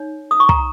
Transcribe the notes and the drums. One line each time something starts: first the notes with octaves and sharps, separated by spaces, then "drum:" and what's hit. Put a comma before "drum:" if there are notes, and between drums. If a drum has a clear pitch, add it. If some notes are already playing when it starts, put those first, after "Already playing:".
Already playing: D#4 C#5
D#6
C#6
A#5, drum: kick